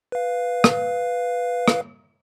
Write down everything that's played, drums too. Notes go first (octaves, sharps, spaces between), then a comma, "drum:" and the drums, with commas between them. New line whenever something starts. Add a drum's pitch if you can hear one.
B4 F5
drum: rim click
drum: rim click